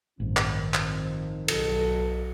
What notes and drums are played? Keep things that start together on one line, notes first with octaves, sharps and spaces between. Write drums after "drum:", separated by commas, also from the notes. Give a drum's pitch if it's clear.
A1 G2 D#3 F3 C4
drum: clap
drum: clap
B1 A4, drum: cymbal